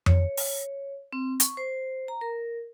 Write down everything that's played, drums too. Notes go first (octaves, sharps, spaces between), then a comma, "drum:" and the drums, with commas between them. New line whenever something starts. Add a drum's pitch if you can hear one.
C#5, drum: tom F2
drum: open hi-hat
C4
C#6, drum: hi-hat
C5
A#5
A#4